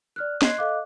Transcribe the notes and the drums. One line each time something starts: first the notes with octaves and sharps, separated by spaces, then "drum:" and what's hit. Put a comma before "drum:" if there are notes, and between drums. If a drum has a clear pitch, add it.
D5 F6 F#6
D#5 C6 F#6 G#6 C7, drum: snare
A4 D#5 F5 D6 F#6